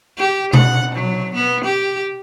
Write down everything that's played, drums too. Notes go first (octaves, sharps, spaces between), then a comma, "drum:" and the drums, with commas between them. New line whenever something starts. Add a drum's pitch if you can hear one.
G4
F#5, drum: tom B2
F#3
B3
G4